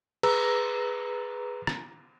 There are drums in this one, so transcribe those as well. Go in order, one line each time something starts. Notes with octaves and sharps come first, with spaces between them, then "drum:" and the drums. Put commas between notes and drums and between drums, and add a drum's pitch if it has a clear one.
G#4 B4 A#5 E6, drum: cymbal
drum: rim click